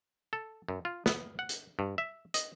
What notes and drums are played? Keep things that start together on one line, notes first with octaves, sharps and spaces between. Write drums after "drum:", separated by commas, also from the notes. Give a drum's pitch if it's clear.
A4
F#2
F4
B3, drum: snare
F#5
drum: hi-hat
G2
E5
D#5, drum: hi-hat